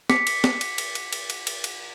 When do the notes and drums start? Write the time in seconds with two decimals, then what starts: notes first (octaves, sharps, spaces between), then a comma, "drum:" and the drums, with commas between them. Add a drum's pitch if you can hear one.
0.10 D6 B6 C#7, drum: snare
0.27 drum: cymbal
0.44 drum: snare
0.61 drum: cymbal
0.78 drum: cymbal
0.95 drum: cymbal
1.13 drum: cymbal
1.30 drum: cymbal
1.47 drum: cymbal
1.64 drum: cymbal